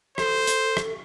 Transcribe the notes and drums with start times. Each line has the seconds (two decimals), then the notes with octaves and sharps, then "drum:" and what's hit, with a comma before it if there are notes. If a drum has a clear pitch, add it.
0.18 A4 C5, drum: rim click
0.47 drum: hi-hat
0.77 drum: rim click